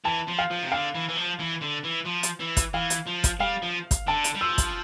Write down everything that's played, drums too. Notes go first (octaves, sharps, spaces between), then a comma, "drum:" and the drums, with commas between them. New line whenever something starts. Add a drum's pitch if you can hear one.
E3 A5
F3
F5
F3
C3
D3 F5
E3
E3
F3
E3
D3
E3
F3
drum: hi-hat
E3
drum: kick, hi-hat
E3 F5
drum: hi-hat
F3
drum: kick, hi-hat
G3 F5
F3
drum: kick, hi-hat
D3 A5
drum: hi-hat
G3
F3 E6
drum: kick, hi-hat